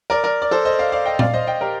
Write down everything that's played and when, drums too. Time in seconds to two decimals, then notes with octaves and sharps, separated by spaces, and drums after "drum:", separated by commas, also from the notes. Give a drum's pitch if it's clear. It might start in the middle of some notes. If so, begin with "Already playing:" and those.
0.10 A#4 D5
0.24 A#4 D5
0.42 D5
0.51 A4 C5
0.65 C5 D#5
0.79 D5 F5
0.92 D5 F5
1.05 D#5 G5
1.19 D5 F5, drum: tom A#2
1.33 C5 D#5
1.47 D#5 G5
1.61 G4 A#4